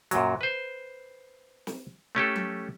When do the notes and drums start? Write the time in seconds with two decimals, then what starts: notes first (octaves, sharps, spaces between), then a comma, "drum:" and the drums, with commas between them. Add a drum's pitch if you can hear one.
0.11 F#2 A#2 F#3, drum: hi-hat
0.41 B4 C5
1.67 drum: snare
2.15 A3 C#4 G4 A4
2.36 drum: tom F#3